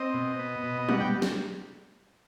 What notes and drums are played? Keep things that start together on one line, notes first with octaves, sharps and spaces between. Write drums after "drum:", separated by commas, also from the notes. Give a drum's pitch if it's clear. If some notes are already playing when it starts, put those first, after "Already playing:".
Already playing: C4 D#5
B2
B3
B2
G3 F#5, drum: tom G3
G5
drum: snare